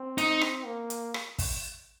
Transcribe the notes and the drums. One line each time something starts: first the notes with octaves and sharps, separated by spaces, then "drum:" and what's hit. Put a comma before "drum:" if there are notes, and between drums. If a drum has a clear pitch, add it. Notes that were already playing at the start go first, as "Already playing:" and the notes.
Already playing: C4
D#4, drum: hi-hat
drum: rim click
A#3
drum: hi-hat
drum: rim click
drum: kick, open hi-hat